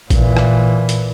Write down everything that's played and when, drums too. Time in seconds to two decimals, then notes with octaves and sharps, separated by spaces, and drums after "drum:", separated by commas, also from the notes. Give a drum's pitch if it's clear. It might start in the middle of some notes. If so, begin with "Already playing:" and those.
0.10 A#2 E3, drum: kick A1, hi-hat
0.37 drum: rim click
0.89 drum: hi-hat